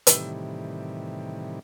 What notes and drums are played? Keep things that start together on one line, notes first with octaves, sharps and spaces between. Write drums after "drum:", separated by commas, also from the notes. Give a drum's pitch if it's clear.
A2 C3 D#3 E3 G3, drum: hi-hat